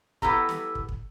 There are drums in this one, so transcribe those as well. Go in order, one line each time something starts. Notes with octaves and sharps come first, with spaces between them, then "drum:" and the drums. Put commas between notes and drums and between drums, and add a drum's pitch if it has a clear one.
B3 E4 G4 A4 A#5, drum: kick
drum: snare
drum: kick
drum: kick